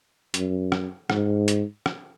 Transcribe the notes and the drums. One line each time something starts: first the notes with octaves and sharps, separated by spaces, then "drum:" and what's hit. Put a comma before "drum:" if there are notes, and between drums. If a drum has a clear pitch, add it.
F#2, drum: hi-hat
drum: rim click
G#2, drum: rim click
drum: hi-hat
drum: rim click